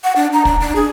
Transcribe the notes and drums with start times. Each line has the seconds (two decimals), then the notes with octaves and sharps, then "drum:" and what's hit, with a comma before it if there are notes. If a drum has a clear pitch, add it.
0.04 F#5
0.16 D4
0.33 A#5
0.45 D4, drum: kick
0.61 D4
0.76 G#4